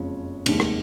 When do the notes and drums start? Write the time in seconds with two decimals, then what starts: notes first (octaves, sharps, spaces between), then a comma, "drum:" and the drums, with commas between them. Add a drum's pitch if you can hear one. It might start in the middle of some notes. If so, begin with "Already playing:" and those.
Already playing: F#1 F2 F3 G#3 C#4
0.46 F1 D#2 D#3 G#3, drum: cymbal
0.60 drum: rim click